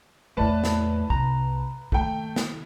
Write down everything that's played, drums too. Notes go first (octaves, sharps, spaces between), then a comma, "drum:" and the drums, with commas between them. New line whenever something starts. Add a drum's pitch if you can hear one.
E2 A2 E4 B4 D5 A5 B5
drum: snare
C2 A#5, drum: kick
D#3 A3 A#3 G5, drum: kick
drum: snare